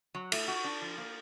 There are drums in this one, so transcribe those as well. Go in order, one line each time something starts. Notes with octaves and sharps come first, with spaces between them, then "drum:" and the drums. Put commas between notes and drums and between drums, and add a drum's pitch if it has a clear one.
F#3
A3, drum: cymbal
F#4
D4
F3
A#3